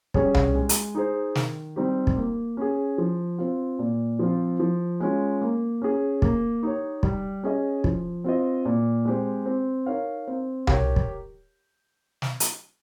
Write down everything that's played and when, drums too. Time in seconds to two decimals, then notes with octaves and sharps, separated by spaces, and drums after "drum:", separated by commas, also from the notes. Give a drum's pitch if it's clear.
0.14 G3 C#4 G#4 C#5, drum: kick
0.34 drum: tom C2
0.55 G#3
0.69 drum: hi-hat
0.95 D#4 G#4 C5
1.35 D#3, drum: snare
1.76 G3 C4 D#4 G4
2.07 drum: kick
2.16 A#3
2.57 C#4 G#4
2.98 F3
3.38 C4 F4
3.79 A#2
4.19 F3 C4 F4
4.60 F3
5.00 G#3 C#4 F4
5.41 A#3
5.82 C#4 G#4
6.22 A#3, drum: kick
6.63 D#4 G4 C#5
7.03 G3, drum: kick
7.43 C#4 G#4 D#5
7.84 F3, drum: kick
8.24 C4 F4 C5 D#5
8.65 A#2
9.05 G#3 C4 G4 C5
9.46 C4
9.86 D#4 A#4 C#5 F5
10.27 C4
10.67 G4 A#4 C#5, drum: tom C2
10.96 drum: kick
12.22 drum: snare
12.40 drum: hi-hat